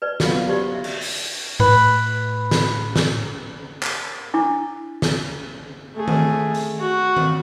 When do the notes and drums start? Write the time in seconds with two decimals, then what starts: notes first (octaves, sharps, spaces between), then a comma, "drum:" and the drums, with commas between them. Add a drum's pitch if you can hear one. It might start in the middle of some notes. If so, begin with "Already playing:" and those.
0.02 B4 D5
0.20 F#3 B3 F4, drum: snare
0.49 G4 C5 D5
0.74 E5
0.84 drum: cymbal
1.01 drum: open hi-hat
1.60 A2 B4
2.51 drum: snare
2.96 drum: snare
3.83 drum: clap
4.34 D4 E4 D6
5.02 drum: snare
5.96 A3 G#4
6.08 drum: tom D#3
6.55 drum: hi-hat
6.80 F#4
7.17 drum: tom D#3